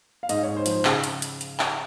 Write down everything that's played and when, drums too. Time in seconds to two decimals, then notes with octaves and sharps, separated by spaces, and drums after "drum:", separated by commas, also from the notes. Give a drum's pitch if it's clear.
0.23 F5
0.29 G#2 D#5, drum: hi-hat
0.43 G#2 C#5
0.57 C5
0.66 F3, drum: hi-hat
0.71 C5
0.85 C#3 G#4, drum: clap
1.04 drum: hi-hat
1.22 drum: hi-hat
1.41 drum: hi-hat
1.59 drum: clap